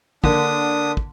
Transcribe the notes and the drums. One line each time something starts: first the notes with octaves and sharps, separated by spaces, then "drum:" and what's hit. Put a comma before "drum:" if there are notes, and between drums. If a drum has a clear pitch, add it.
D3 A#3 D4 D#6, drum: kick
drum: kick